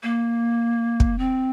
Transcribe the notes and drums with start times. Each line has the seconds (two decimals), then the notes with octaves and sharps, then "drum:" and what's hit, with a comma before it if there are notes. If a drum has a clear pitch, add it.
0.03 A#3
1.00 drum: kick
1.18 C4